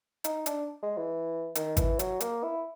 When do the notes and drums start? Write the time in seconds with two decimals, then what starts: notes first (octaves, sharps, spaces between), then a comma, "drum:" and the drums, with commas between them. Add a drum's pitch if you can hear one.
0.24 D#4, drum: hi-hat
0.46 D4, drum: hi-hat
0.82 G#3
0.97 E3
1.55 D#3, drum: hi-hat
1.77 E3, drum: kick G#1, hi-hat
1.99 F#3, drum: hi-hat
2.20 A#3, drum: hi-hat
2.43 E4